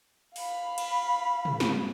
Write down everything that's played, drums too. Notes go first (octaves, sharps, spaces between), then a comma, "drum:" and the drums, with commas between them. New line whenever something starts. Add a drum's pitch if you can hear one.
F5 B5, drum: open hi-hat
drum: cymbal
drum: tom
drum: snare